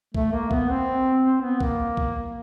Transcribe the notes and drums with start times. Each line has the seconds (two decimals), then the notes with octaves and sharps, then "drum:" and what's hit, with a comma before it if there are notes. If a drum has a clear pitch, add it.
0.14 A3, drum: kick B1
0.32 A#3
0.51 B3, drum: kick B1
0.69 C4
1.24 C4
1.42 B3
1.61 A#3, drum: kick B1
1.97 drum: kick B1